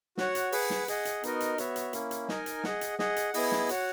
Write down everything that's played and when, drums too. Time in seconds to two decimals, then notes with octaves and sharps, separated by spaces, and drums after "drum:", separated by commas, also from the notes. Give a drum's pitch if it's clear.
0.17 F#4 C#5 F#5, drum: snare
0.35 drum: hi-hat
0.52 G#4 B4 F#5, drum: open hi-hat
0.70 drum: snare
0.88 G#4 D#5 F#5, drum: hi-hat
1.05 drum: hi-hat
1.23 B3 D#4 F#4 A#4 D#5, drum: hi-hat
1.40 drum: hi-hat
1.58 B3 F#4 C#5 E5, drum: hi-hat
1.76 drum: hi-hat
1.93 A#3 C#4 E4, drum: hi-hat
2.11 drum: hi-hat
2.29 D#4 A#4 D#5 G#5, drum: snare
2.46 drum: hi-hat
2.64 G#4 D#5 F#5, drum: snare
2.81 drum: hi-hat
2.99 G#4 D#5 F#5, drum: snare
3.16 drum: hi-hat
3.34 B3 E4 G#4 D#5, drum: open hi-hat
3.52 drum: snare
3.69 F#4 C#5 F#5, drum: hi-hat